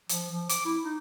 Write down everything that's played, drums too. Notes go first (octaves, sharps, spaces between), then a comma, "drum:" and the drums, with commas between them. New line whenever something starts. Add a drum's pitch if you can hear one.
F3, drum: hi-hat
F3
D6, drum: hi-hat
E4
D#4